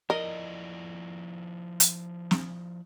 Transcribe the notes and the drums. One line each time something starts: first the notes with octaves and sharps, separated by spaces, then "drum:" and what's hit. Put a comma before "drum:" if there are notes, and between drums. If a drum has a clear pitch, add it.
F3 E4 A#4 D5 D#5
drum: hi-hat
drum: snare